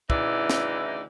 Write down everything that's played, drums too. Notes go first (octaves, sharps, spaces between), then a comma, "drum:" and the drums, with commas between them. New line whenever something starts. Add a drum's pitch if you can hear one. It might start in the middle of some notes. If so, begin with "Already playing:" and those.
D2 C#3 E3 D#4 E4 D5, drum: kick
drum: snare